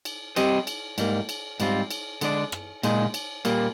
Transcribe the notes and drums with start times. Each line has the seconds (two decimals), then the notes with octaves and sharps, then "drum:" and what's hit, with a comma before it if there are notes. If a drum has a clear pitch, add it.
0.05 drum: cymbal
0.36 G3 C4 G4 C5 D#5, drum: cymbal
0.67 drum: cymbal
0.98 G#2 G3 A#3, drum: cymbal
1.29 drum: cymbal
1.60 G#2 G3 C4 F4, drum: cymbal
1.91 drum: cymbal
2.21 D3 G#3 D4 G#4 D5, drum: cymbal
2.52 drum: rim click
2.83 A#2 G#3 D#4, drum: cymbal
3.14 drum: cymbal
3.45 A#2 G3 A#3, drum: cymbal